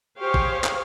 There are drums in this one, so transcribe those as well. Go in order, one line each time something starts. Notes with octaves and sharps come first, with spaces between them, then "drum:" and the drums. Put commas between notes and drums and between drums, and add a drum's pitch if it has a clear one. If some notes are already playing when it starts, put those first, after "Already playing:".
G4 G#4 C5 C#5 F5
drum: kick A1
drum: clap